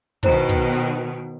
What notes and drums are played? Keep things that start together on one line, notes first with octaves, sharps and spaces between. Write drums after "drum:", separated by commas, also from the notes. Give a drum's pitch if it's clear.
B2 D#3 E4 C5 A#5, drum: kick, hi-hat
drum: kick, hi-hat